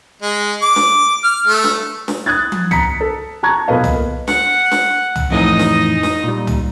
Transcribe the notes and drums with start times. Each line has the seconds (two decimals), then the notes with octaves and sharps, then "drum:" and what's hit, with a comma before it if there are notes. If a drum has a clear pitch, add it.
0.22 G#3
0.62 D6
0.76 drum: snare
1.24 F6
1.47 A3
1.64 drum: snare
2.08 drum: snare
2.26 D#6 F#6 G#6 A6
2.52 drum: tom
2.71 A#5 B6 C#7, drum: tom
3.00 A4
3.43 A5 A#5 C#6 G#6
3.68 B1 A#2 A4 B4 D#5 F5
3.84 drum: tom
4.28 F#5, drum: snare
4.71 drum: snare
5.15 drum: tom
5.30 F2 A2 E3 D#4 D#5
5.59 drum: snare
6.03 drum: snare
6.24 A#2 G3
6.47 drum: tom